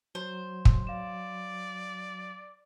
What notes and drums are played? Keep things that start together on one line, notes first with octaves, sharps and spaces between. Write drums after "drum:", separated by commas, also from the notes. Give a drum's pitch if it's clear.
F#3 C5
drum: kick
D5 F5 E7